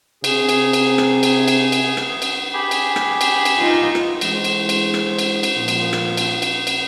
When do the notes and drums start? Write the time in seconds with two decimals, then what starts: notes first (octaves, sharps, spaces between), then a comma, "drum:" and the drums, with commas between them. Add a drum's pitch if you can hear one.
0.24 C3 G#4, drum: cymbal
0.49 drum: cymbal
0.73 drum: cymbal
0.98 drum: rim click
1.23 drum: cymbal
1.48 drum: cymbal
1.72 drum: cymbal
1.97 drum: rim click
2.22 drum: cymbal
2.53 G4 G#4 B5
2.71 drum: cymbal
2.96 drum: rim click
3.21 drum: cymbal
3.45 drum: cymbal
3.58 D#4 F4
3.95 drum: rim click
4.21 E3 G#3 E4 G#4 A4 C5, drum: cymbal
4.44 drum: cymbal
4.69 drum: cymbal
4.94 drum: rim click
5.19 drum: cymbal
5.43 drum: cymbal
5.56 A#2 F3
5.68 drum: cymbal
5.93 drum: rim click
6.17 drum: cymbal
6.42 drum: cymbal
6.67 drum: cymbal